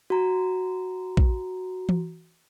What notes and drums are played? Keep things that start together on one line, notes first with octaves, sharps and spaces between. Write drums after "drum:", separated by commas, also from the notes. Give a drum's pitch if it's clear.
F#4 A#5
drum: kick
drum: tom E3